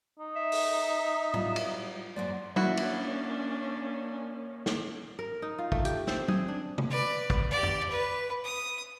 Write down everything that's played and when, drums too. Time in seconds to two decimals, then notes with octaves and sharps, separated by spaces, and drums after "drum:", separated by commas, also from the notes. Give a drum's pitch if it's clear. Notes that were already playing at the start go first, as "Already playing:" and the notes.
0.19 D#4
0.36 E5
0.52 drum: open hi-hat
1.34 F#3 G3 F4, drum: tom A2
1.56 drum: cymbal
2.16 F#2 F#3 A#3 C5 D5
2.56 A#3 C#4 D4 E4 F#4, drum: tom F#3
2.77 drum: cymbal
4.66 drum: snare
5.19 A#4
5.42 D#4
5.59 F4
5.72 A3, drum: kick
5.85 G4, drum: hi-hat
6.07 C4, drum: snare
6.28 G#4, drum: tom F#3
6.48 D4
6.78 drum: tom
6.90 B4 D5
7.30 drum: kick
7.51 G4 D5
7.63 drum: tom
7.90 B4
8.44 D#6